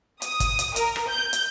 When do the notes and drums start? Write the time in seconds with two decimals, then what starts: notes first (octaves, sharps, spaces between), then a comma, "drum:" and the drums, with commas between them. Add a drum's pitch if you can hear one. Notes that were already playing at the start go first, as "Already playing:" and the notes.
0.22 D#6, drum: hi-hat
0.40 drum: kick, hi-hat
0.59 drum: hi-hat
0.76 A#4, drum: hi-hat
0.96 drum: rim click
1.08 G6
1.33 drum: hi-hat